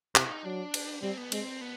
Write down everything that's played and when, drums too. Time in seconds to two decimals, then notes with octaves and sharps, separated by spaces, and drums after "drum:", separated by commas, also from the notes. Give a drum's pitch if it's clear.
0.15 C3 E4, drum: clap
0.31 D#4
0.45 F#3 D4
0.74 drum: cymbal
1.03 G3 C4
1.17 B3
1.32 G#3 C4, drum: cymbal
1.61 B3